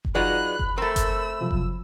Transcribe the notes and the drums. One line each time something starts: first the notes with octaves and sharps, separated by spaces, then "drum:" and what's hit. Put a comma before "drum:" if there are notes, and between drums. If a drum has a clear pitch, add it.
drum: kick F#1
F#3 D#4 F4 G#4 B4 D5 B5 F#6
drum: kick F#1
A3 C4 A#4 E6 A6
drum: kick F#1, hi-hat
C3 F3 F#3
drum: kick F#1